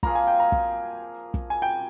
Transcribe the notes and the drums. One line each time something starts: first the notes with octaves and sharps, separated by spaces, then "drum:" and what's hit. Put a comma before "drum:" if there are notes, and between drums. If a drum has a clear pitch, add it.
F3 A#3 F4 G#4 A#5, drum: kick
G#5
G5
A#5
drum: kick
drum: kick
G#5
G5